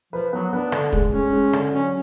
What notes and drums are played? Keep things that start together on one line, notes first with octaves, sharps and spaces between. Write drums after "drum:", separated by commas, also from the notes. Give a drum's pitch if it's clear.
F3 B4
F#3 B3
B3 D4
D3, drum: rim click
G#3, drum: kick
G#3 C#4
G#3
D3, drum: rim click
F#3 C#4